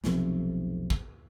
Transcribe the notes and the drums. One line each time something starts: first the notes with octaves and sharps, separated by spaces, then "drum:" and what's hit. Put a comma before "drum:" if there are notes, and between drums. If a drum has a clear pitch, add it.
F1 B1 F2 C3, drum: snare
drum: kick